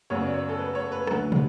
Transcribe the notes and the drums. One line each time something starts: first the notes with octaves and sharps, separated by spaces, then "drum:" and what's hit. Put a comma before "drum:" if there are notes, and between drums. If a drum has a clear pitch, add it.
F#2 C#3 F#3 B3 C#5
D5
C#5
A4
B4
C#5
B4
D2 D3 F#3, drum: rim click
drum: tom